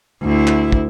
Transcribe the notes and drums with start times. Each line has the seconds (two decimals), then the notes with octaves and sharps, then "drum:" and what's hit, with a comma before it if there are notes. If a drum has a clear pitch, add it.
0.22 D2 E4
0.47 drum: clap
0.72 drum: kick